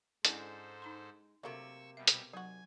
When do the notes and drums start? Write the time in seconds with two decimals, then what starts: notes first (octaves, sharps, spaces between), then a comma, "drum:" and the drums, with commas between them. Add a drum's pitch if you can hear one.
0.25 G#2 D3 G#3 C#4 E4 A4 C5 A5, drum: hi-hat
0.82 D#4 A#5 C6
1.43 C3 F#3 A3 A#3 C#6 E6
1.97 B2 G3 E5
2.07 drum: hi-hat
2.33 F#3 D#4 F#4 G#5